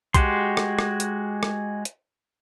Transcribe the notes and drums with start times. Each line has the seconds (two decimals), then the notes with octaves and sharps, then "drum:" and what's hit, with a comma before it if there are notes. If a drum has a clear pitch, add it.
0.14 G#3 F#4 G4 C6, drum: kick B1, hi-hat
0.57 drum: rim click
0.79 drum: rim click
1.00 drum: hi-hat
1.43 drum: rim click
1.85 drum: hi-hat